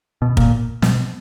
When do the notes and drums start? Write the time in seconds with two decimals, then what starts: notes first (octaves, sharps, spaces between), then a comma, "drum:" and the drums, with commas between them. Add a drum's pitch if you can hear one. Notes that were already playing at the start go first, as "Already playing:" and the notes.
0.22 B2
0.37 A#2, drum: kick
0.82 B2, drum: snare